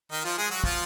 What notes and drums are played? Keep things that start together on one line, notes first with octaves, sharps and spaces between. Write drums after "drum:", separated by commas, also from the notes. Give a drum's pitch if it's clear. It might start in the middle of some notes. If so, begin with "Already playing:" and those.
D#3 D#4
F3 F4
G#3 G#4
F#3 F#4
F3 F4, drum: kick